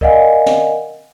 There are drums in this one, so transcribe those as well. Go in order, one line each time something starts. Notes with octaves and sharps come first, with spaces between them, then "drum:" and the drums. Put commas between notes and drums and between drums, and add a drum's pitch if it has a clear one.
A#4 D5 D#5 F5 F#5 G#5, drum: kick C#2
drum: snare